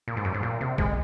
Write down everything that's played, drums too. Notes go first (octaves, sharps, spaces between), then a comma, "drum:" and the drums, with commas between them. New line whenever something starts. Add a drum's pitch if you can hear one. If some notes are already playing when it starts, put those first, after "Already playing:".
A#2
G#2
F#2
G#2
A#2
C3
G#3, drum: kick